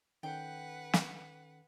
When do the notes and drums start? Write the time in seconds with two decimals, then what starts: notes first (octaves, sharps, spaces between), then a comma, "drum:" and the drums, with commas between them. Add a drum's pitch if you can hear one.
0.23 D#3 C#4 A4 B4 F#5 G5
0.93 drum: snare